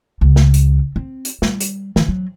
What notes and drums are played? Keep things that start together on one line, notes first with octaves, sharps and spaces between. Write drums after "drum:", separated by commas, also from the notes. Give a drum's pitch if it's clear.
C#2
drum: snare
drum: hi-hat
C4
drum: hi-hat
G3, drum: snare
drum: hi-hat
E3, drum: snare
F#3